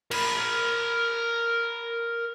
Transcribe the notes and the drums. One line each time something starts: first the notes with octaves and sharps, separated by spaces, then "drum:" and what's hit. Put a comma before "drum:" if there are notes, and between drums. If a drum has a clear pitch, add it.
A#4 B5, drum: cymbal